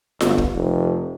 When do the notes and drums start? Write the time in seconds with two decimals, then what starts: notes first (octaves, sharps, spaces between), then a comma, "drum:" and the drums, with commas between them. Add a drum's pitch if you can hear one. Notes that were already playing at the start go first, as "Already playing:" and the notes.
0.21 G1, drum: snare F4
0.38 drum: kick
0.54 F1